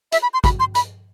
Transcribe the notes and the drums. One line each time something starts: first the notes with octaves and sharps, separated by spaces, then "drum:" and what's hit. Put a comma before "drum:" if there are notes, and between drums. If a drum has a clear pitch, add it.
E5, drum: hi-hat
B5
C6
B5, drum: kick, hi-hat
C6
B5, drum: hi-hat